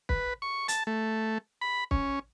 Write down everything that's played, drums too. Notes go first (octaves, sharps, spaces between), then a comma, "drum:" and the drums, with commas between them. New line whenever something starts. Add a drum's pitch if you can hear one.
B4, drum: kick
C#6
A5, drum: hi-hat
A3
B5
C#4, drum: kick